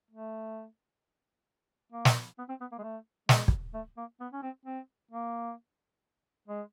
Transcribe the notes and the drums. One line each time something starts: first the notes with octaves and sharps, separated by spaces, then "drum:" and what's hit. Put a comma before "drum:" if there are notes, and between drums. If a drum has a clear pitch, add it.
A3
A#3
drum: snare
B3
C4
B3
A#3
G#3
A3
G#3, drum: snare
drum: kick
A3
A#3
B3
C#4
C4
C4
A#3
G#3